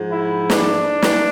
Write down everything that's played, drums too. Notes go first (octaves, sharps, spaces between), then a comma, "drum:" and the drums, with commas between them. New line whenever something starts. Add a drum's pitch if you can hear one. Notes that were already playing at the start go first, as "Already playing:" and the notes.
Already playing: G#2 F3
E4
D4, drum: snare
drum: snare